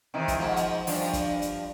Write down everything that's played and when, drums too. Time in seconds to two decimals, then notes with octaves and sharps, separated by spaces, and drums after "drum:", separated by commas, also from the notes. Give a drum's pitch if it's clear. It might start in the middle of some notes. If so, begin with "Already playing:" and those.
0.14 C3 D#3 E3
0.28 drum: kick, hi-hat
0.39 G#2 B2 F3
0.56 drum: hi-hat
0.87 G2 F3 D4, drum: open hi-hat
1.13 drum: kick, hi-hat
1.42 drum: hi-hat